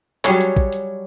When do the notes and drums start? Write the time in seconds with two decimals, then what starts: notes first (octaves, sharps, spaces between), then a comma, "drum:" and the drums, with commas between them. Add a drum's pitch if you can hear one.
0.25 F#3 G3 G#4 C#5, drum: clap
0.41 drum: hi-hat
0.57 drum: kick
0.72 drum: hi-hat